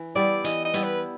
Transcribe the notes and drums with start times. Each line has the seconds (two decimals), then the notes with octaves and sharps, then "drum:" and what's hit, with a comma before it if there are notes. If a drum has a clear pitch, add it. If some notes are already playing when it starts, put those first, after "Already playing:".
Already playing: E3
0.15 G3 B3 E4 D5
0.44 E3 D#5, drum: hi-hat
0.65 D#5
0.74 G3 B3 E4, drum: hi-hat
0.83 B4